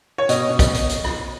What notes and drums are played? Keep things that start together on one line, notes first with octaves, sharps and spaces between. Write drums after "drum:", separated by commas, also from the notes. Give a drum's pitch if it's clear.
C#5
B2 D#5, drum: hi-hat
B2
drum: kick, hi-hat
drum: hi-hat
drum: hi-hat
drum: rim click